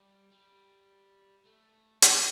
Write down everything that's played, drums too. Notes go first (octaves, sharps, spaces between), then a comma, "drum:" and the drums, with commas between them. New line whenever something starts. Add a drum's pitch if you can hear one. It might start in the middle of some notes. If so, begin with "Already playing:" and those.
Already playing: G3
G3
A3
A#3, drum: hi-hat